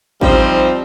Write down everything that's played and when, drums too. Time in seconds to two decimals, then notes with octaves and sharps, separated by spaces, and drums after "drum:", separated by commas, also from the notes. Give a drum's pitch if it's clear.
0.21 F3 G3 C4 D#4, drum: kick A1